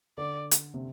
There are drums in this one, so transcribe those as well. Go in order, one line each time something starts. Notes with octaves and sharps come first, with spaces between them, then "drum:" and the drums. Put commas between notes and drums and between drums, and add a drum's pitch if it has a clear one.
D3 D5
drum: hi-hat
C3